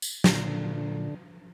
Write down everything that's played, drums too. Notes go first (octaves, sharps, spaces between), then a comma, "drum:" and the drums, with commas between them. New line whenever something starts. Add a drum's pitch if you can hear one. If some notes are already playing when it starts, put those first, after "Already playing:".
drum: tambourine
A#2 D3, drum: snare